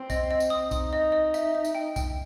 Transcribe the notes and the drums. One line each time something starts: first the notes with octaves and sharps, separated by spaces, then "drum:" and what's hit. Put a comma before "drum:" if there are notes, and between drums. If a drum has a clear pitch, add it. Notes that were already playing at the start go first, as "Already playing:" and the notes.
Already playing: C4
D#5, drum: kick C2, tambourine
D#5
drum: tambourine
D#6
D#4 D#6, drum: kick C2, tambourine
D#5
D#5
E5, drum: tambourine
E5
drum: tambourine
G5
G5, drum: kick C2, tambourine